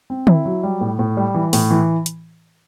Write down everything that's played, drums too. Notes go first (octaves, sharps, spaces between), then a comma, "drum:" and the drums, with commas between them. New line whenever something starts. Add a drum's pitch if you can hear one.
C4
E4, drum: tom
F#3
G3
A2
A2
G3
E3
A2, drum: open hi-hat
E3
drum: hi-hat